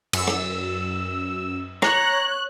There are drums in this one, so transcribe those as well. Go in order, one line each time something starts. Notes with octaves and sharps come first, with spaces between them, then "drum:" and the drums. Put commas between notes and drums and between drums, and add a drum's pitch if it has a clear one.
F#2 E6, drum: cymbal
drum: rim click
C#5 A#5 F#6, drum: rim click